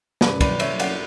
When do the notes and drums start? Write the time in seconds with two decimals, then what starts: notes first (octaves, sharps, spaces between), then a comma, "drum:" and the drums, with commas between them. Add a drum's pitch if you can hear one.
0.21 F#1 F#2 C#3 G3 B4 D5, drum: snare
0.41 B4 D5, drum: kick, cymbal
0.60 C#5 E5, drum: cymbal
0.79 D5 F#5, drum: cymbal